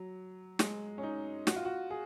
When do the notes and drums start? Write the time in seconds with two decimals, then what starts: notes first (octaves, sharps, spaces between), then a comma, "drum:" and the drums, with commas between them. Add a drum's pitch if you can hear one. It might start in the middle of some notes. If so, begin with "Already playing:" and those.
Already playing: F#3
0.59 G#3, drum: snare
0.98 C#4
1.03 D#4
1.47 F#4, drum: snare
1.56 F4
1.65 F#4
1.91 G#4